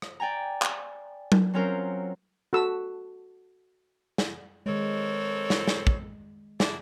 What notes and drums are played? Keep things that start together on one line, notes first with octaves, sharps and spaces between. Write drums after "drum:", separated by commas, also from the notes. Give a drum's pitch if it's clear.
drum: rim click
D5 G5 G#5 A#5
drum: clap
drum: tom F#3
F#3 C4 C#4 F4 A#4 C5
F#4 A4 E6
drum: snare
D#3 G#3 C4 A4 A#4 C#5
drum: snare
drum: snare
drum: kick
D4 E4 G#4, drum: snare